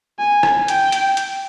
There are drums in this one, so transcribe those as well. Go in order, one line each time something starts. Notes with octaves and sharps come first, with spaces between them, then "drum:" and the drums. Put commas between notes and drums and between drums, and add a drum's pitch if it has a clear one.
G#5
drum: rim click
G5, drum: hi-hat
drum: hi-hat
drum: hi-hat